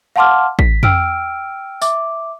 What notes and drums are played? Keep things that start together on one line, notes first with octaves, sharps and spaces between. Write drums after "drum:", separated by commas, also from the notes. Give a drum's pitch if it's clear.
F5 F#5 A5 C6 D6 F6
B6, drum: kick A1
G5 E6 F6 D7, drum: tom
E5 D6, drum: tambourine